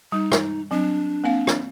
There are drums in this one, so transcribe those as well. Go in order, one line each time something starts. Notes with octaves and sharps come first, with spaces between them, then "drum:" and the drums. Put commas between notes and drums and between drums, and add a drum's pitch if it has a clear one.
G3 D#4
drum: rim click
F#3 C4 D4
A#3 C4 F5
drum: rim click